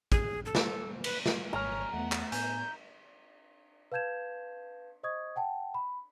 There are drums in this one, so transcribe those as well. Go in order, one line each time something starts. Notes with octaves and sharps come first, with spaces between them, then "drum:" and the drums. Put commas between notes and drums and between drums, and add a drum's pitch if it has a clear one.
G#4, drum: kick
A4
drum: snare
B4, drum: cymbal
drum: snare
G#1 C#5 G#5 A#5 F6
E2 A3 B3 F#5
drum: clap
A2 B3 G#5 G6, drum: hi-hat
B4 F5 A5 G6 G#6 E7
C5 D#5 C#6 D#6 G#6
F#5 G5 A5
B5